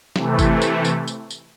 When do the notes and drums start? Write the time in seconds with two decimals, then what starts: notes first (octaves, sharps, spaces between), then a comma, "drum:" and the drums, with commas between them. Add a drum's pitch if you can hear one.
0.16 C3 E3 A3, drum: snare
0.39 drum: kick G1, tambourine
0.62 drum: tambourine
0.85 drum: tambourine
1.08 drum: tambourine
1.30 drum: tambourine